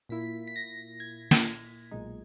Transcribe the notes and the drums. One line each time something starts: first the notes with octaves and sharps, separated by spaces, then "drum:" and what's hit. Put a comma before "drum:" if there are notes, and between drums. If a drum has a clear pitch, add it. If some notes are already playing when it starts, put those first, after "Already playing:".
A#2 A#3 E4 B6
B6
A#6
G#6
drum: snare
B1 A#2 G#3 D#4